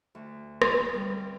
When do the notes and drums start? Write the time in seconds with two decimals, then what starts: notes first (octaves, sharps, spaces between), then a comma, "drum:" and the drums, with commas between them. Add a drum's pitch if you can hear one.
0.15 D2
0.62 drum: rim click
0.72 B3
0.94 G3
1.11 C4